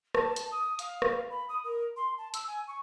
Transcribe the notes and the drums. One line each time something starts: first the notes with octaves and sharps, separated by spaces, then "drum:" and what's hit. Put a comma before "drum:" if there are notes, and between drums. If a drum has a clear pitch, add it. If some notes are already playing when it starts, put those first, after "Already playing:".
A5, drum: rim click
drum: hi-hat
D#6
F5, drum: hi-hat
drum: rim click
B5
D#6
A#4
C6
A5
E6, drum: hi-hat
G#5
C#6